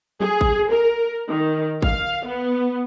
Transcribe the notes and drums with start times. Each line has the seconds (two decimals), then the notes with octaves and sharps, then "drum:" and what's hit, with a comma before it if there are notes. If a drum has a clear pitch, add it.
0.20 G#4, drum: tom
0.41 drum: kick A1
0.70 A#4
1.29 D#3
1.82 F5, drum: kick A1
2.26 B3